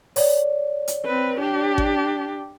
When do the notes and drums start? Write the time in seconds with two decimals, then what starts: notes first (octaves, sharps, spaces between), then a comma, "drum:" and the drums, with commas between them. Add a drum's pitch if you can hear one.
0.16 C#5 D5, drum: open hi-hat
0.88 drum: hi-hat
1.05 C4 B4
1.39 D4 G4
1.78 drum: kick G#1